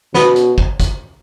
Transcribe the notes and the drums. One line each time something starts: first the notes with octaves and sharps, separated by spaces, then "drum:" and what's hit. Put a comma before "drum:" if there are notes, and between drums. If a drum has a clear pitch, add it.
B2 B3, drum: snare
drum: hi-hat
drum: kick
drum: kick, hi-hat